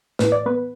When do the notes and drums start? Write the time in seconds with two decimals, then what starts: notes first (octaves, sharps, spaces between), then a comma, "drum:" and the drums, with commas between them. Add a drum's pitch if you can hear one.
0.19 A2 E3 B4, drum: snare
0.32 D5
0.46 B3 B4